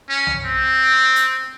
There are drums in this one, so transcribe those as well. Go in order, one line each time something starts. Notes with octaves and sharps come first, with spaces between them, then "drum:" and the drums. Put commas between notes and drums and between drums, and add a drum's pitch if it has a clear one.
C#4
drum: tom B1
C4
drum: hi-hat